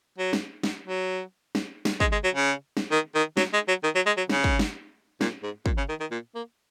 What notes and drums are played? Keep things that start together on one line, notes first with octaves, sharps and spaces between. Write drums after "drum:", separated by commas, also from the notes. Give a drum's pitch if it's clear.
F#3
drum: snare
drum: snare
F#3
drum: snare
drum: snare
G#3, drum: kick
G#3
F#3
C#3
drum: snare
D#3
D#3
F#3, drum: snare
G#3
F#3
D#3
F#3
G#3
F#3
C#3, drum: snare
drum: kick
drum: snare
A#2, drum: snare
G#2
A#2, drum: kick
C#3
D#3
D#3
A#2
A#3